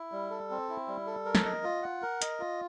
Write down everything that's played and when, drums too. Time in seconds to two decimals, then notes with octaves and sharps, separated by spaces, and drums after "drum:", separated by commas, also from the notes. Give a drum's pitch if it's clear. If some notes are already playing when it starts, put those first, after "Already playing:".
Already playing: E4
0.12 G3
0.30 A4
0.51 C4
0.69 E4
0.88 G3
1.07 A4
1.26 A#4
1.35 drum: snare
1.45 D#5
1.64 F4
1.83 F#5
2.02 A#4
2.22 D#5, drum: hi-hat
2.40 F4